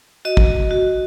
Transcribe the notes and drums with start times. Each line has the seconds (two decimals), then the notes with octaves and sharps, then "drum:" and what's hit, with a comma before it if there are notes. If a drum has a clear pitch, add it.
0.25 F#4 D#5
0.37 drum: kick
0.71 F#4